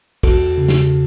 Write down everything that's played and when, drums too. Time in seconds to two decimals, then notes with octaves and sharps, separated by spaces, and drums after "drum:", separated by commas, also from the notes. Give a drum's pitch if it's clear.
0.23 E2 F#4 A4, drum: kick, cymbal
0.58 C#3
0.68 drum: snare